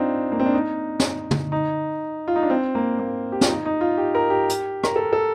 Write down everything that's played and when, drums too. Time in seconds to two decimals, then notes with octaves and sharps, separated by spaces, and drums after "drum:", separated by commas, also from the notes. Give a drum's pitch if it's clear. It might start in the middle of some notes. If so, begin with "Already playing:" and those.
Already playing: C4 D4 D#4 F4
0.32 A#3
0.39 C4
0.46 D4
0.54 D#4
1.00 drum: snare
1.31 drum: tom
1.52 D#4
2.28 F4
2.36 D#4
2.43 D4
2.50 C4
2.75 A#3
2.99 A#3
3.32 G4
3.41 F4, drum: snare
3.49 D#4
3.65 D#4
3.81 F4
3.97 G4
4.15 A#4
4.30 G4
4.49 drum: hi-hat
4.83 A#4, drum: rim click
4.96 A4
5.13 A4